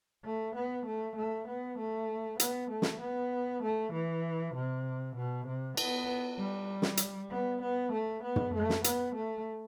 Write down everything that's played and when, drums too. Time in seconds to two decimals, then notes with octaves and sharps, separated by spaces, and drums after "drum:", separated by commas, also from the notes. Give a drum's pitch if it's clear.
0.24 A3
0.55 B3
0.86 A3
1.16 A3
1.47 B3
1.78 A3
2.40 B3, drum: hi-hat
2.70 A3
2.82 drum: snare
3.01 B3
3.63 A3
3.93 E3
4.54 C3
5.16 B2
5.47 C3
5.77 B3, drum: cymbal
6.39 G3
6.82 drum: snare
6.97 drum: hi-hat
7.31 B3
7.62 B3
7.92 A3
8.23 B3
8.36 drum: tom
8.54 A3
8.69 drum: snare
8.84 B3, drum: hi-hat
9.15 A3